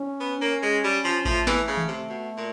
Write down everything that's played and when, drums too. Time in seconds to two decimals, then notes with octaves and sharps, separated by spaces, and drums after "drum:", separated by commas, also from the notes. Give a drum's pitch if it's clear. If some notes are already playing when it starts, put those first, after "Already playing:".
Already playing: C#4
0.20 B3
0.41 A#3 C#4
0.63 G#3
0.84 G3
1.04 F3
1.25 F3 A3, drum: kick A1
1.47 E3, drum: snare
1.68 C#3
1.77 drum: tom D#3
1.88 C3
2.10 B2
2.37 A#2